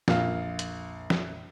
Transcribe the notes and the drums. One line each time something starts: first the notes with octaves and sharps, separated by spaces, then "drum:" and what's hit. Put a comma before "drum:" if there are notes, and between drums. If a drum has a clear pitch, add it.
A#1 F2 A#2 F5, drum: snare
drum: hi-hat
drum: snare